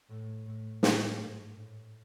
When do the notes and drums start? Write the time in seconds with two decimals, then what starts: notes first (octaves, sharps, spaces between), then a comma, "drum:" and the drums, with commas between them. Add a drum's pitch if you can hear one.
0.10 A2
0.46 A2
0.83 A2, drum: snare
1.18 G#2
1.55 A2